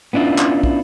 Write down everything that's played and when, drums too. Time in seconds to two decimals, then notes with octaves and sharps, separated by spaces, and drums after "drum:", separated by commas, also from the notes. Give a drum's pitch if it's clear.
0.13 B3 C#4 D4 E4 F4
0.38 drum: clap
0.64 drum: kick